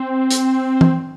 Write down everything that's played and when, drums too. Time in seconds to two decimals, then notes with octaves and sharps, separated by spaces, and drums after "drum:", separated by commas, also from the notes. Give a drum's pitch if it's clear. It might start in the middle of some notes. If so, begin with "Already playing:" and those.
Already playing: C4
0.30 drum: hi-hat
0.81 drum: tom E3